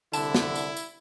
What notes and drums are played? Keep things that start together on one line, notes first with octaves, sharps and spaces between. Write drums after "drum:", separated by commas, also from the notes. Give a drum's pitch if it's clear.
C2 D3 E4 A5, drum: tambourine
drum: snare
drum: tambourine
drum: tambourine